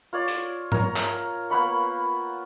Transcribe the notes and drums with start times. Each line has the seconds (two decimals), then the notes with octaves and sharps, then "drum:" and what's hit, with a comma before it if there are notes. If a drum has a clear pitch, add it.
0.13 F4 C#5 D5
0.28 drum: hi-hat
0.72 A#4 C#5 A#5, drum: tom G#2
0.96 drum: clap
1.50 A#3 B3 B5 C#6